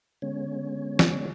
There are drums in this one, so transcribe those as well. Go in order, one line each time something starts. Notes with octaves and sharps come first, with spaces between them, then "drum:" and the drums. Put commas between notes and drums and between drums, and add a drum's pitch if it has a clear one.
D3 G#3 B3 C#4 C#5
drum: snare